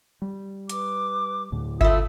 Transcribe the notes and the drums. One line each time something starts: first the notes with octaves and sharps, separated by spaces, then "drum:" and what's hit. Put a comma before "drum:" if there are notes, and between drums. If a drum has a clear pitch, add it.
G3
B4 D6, drum: hi-hat
D2 A2
A3 F4 E5 B5 D#6, drum: kick G1